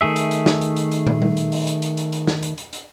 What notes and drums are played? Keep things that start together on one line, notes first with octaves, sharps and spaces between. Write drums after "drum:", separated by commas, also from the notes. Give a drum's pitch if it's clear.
D#3 A3 G#4 E5
drum: hi-hat
drum: hi-hat
drum: snare
drum: hi-hat
drum: hi-hat
drum: hi-hat
drum: tom
drum: tom G3
drum: hi-hat
drum: open hi-hat
drum: hi-hat
drum: hi-hat
drum: hi-hat
drum: hi-hat
drum: snare
drum: hi-hat
drum: hi-hat
drum: hi-hat